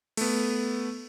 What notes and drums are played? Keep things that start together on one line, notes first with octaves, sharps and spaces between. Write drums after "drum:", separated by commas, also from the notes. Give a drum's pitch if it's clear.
A3 B3, drum: cymbal